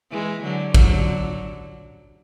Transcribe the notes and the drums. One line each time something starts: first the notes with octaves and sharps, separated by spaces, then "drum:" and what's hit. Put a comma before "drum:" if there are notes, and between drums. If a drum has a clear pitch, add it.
E3 G#3
D3 F#3
D3 F#3, drum: kick